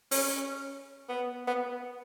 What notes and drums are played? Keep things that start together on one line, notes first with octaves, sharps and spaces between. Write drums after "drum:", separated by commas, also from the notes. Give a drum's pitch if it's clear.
C#4, drum: open hi-hat
B3
B3